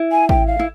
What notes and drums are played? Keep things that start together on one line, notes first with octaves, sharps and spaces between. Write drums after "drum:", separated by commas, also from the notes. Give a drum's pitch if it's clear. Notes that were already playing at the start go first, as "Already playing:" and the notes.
Already playing: E4
G#5
G5, drum: kick
F5
E4